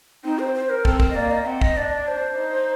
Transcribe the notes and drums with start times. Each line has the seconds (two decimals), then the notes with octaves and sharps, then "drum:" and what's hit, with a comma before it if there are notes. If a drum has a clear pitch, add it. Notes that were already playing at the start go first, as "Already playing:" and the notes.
0.24 C4 D#4
0.39 C5
0.55 C5
0.70 A#4
0.85 C4 A4, drum: kick
1.00 A#4, drum: kick
1.10 D#5
1.15 A#3 D5
1.31 D#5
1.46 C4 F#5
1.61 D#5, drum: kick
1.77 D4 D5
2.08 C5
2.37 D#4